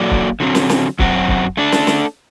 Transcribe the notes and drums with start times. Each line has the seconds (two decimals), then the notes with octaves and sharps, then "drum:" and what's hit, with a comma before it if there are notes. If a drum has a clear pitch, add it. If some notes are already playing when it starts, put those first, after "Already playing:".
Already playing: F#3 A#3 F#4 A4 D5
0.11 drum: kick C#1
0.40 D3 F#3 C4
0.55 drum: snare
0.69 drum: snare
0.99 F#2 F#3 C4 F#4, drum: kick C#1
1.28 drum: kick C#1
1.57 A3 D4 A4
1.72 drum: snare
1.87 drum: snare